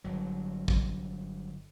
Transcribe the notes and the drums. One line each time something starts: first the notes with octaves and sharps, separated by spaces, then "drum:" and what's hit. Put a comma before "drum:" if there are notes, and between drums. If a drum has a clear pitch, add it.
G1 F#3
drum: kick A1